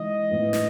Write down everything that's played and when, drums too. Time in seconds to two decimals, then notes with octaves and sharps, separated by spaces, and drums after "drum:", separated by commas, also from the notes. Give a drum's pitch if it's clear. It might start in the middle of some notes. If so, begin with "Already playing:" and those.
Already playing: E3 G#3 D#4 D#5
0.31 A2 E3 B3 E4
0.53 drum: snare